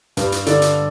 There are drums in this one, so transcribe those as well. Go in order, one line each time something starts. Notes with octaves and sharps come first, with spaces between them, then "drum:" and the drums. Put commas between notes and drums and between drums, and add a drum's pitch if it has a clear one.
G2 G4 B4, drum: hi-hat
drum: hi-hat
D3 A4 D5, drum: hi-hat
drum: hi-hat